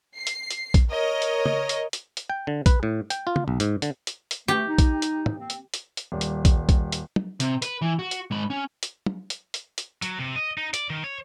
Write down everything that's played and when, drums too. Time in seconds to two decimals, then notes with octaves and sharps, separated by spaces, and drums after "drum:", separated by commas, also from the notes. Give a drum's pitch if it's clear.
0.17 C7
0.27 drum: hi-hat
0.51 drum: hi-hat
0.74 drum: kick A#1, hi-hat
0.91 A#4 C#5 D#5
1.22 drum: hi-hat
1.46 drum: tom
1.69 drum: hi-hat
1.93 drum: hi-hat
2.17 drum: hi-hat
2.30 G5
2.47 D3
2.66 B4, drum: kick A#1, hi-hat
2.83 A2
3.10 G5, drum: hi-hat
3.27 F4
3.36 drum: tom
3.48 B1
3.60 G#2, drum: hi-hat
3.82 D3, drum: hi-hat
4.07 drum: hi-hat
4.31 drum: hi-hat
4.48 A3 G4
4.68 D#4
4.78 drum: kick A#1, hi-hat
5.02 drum: hi-hat
5.26 drum: tom
5.38 A#3 C4
5.50 drum: hi-hat
5.74 drum: hi-hat
5.97 drum: hi-hat
6.12 D#1 G3
6.21 drum: hi-hat
6.45 drum: kick A#1, hi-hat
6.69 drum: kick A#1, hi-hat
6.92 drum: hi-hat
7.16 drum: tom
7.40 C3, drum: hi-hat
7.62 B4, drum: hi-hat
7.82 E3
7.99 F#4
8.11 drum: hi-hat
8.31 G#2 B5
8.50 C#4
8.83 drum: hi-hat
9.06 drum: tom
9.30 drum: hi-hat
9.54 drum: hi-hat
9.78 drum: hi-hat
10.02 F#3, drum: hi-hat
10.19 C3
10.36 D#5
10.58 D#4
10.74 D5, drum: hi-hat
10.90 D#3
11.04 C#5